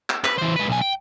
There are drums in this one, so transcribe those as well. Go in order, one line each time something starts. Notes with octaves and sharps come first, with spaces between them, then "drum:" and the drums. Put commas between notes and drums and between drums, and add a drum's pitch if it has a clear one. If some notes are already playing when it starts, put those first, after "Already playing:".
drum: clap
B4, drum: clap
E3 C5
G#3 B4
B1 G#5
G5